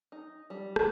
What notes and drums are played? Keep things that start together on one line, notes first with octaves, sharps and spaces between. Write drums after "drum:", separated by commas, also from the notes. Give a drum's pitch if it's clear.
D#4
G3
drum: rim click